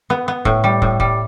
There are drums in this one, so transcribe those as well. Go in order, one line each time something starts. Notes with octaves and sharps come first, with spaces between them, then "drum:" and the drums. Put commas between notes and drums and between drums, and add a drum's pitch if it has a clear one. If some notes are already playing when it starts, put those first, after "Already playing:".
B3
B3
A2, drum: kick
G3
A2, drum: kick
G3, drum: kick